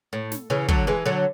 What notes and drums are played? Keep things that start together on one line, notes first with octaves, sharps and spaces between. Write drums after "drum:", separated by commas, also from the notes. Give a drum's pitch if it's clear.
A2
drum: snare
C#3 E3
D3 F#3, drum: kick
E3 G#3
D3 F#3